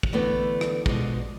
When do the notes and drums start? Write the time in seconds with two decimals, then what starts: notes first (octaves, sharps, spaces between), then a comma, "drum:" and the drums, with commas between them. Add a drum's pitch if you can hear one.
0.03 drum: kick
0.13 D3 E3 A3 B3 D4
0.61 drum: rim click
0.86 B2 D3 F3 G#3, drum: kick